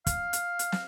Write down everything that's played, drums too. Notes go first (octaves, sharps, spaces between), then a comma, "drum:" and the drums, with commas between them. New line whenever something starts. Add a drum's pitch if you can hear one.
F5, drum: kick, hi-hat
drum: hi-hat
drum: hi-hat
drum: snare